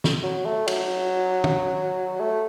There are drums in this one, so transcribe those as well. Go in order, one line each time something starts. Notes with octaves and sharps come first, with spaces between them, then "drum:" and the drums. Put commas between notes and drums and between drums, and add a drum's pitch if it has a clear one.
drum: snare
F#3
A3
F#3, drum: cymbal
drum: tom
A3